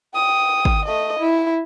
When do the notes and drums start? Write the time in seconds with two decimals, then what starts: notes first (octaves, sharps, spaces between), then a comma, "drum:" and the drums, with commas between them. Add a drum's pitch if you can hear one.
0.14 G5 D#6
0.65 drum: kick
0.85 A3 D#5
1.20 E4